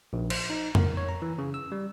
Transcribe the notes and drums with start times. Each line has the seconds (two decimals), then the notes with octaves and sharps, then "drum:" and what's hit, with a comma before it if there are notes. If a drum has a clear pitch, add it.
0.13 A#1
0.30 C5, drum: cymbal
0.50 D#4
0.75 A#4, drum: tom F2
0.97 C#5
1.09 A#5
1.22 E3
1.38 C#3
1.54 E6
1.72 G3